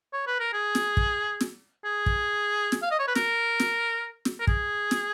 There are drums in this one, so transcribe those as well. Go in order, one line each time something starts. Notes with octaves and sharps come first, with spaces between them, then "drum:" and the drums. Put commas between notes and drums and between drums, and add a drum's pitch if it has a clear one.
C#5
B4
A#4
G#4
drum: snare
drum: kick
drum: snare
G#4
drum: kick
drum: snare
F5
D#5
C#5
B4
A#4, drum: snare
drum: snare
drum: snare
A#4
G#4, drum: kick
drum: snare